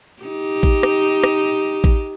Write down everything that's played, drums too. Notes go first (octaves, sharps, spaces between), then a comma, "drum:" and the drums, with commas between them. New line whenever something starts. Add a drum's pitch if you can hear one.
D#4 G4
drum: kick A1
drum: rim click
drum: rim click
drum: kick A1